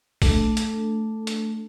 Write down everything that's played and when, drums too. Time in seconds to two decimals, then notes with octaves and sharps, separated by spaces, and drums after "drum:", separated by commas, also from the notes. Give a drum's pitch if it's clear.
0.22 A3 D4 A4, drum: kick A#1, open hi-hat
0.57 drum: hi-hat
1.27 drum: hi-hat